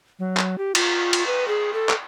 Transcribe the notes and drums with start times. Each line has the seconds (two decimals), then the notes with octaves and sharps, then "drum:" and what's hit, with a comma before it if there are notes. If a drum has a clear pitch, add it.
0.19 F#3
0.37 drum: clap
0.58 G4
0.75 F4, drum: cymbal
1.13 drum: cymbal
1.27 B4
1.48 G#4
1.73 A4
1.89 drum: clap